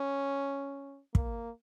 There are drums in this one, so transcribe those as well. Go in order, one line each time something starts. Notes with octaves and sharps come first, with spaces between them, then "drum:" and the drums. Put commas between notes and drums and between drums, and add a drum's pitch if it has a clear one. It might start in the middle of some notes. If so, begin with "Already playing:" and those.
Already playing: C#4
A#3, drum: kick